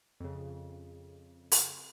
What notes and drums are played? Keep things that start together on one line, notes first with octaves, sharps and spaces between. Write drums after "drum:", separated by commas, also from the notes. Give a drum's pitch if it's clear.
F2 C#3
drum: open hi-hat